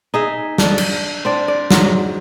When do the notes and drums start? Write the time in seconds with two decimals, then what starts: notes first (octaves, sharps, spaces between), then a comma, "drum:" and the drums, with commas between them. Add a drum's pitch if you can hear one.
0.14 D#4 G#4 E5
0.58 D4 A4, drum: snare
0.78 drum: cymbal
1.25 C4 D4 D5
1.48 D5
1.71 G#2 F#3, drum: snare